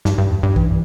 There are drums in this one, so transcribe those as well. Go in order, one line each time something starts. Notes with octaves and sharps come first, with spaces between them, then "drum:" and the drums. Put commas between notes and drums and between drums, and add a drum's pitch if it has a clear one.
G2, drum: snare
G2
E2
G2
E3, drum: kick